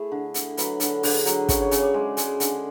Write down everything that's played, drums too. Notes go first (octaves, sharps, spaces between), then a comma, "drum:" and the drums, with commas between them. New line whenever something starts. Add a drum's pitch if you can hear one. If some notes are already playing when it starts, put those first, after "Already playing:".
Already playing: A3 E4 G#4
D3
D3, drum: hi-hat
F#3 B4, drum: hi-hat
D3 A4, drum: hi-hat
D3 G#4, drum: open hi-hat
F#3, drum: hi-hat
C#3 C#5, drum: kick, hi-hat
C#5
C#3 C#5, drum: hi-hat
D5
G#3 D5
G#3, drum: hi-hat
D3, drum: hi-hat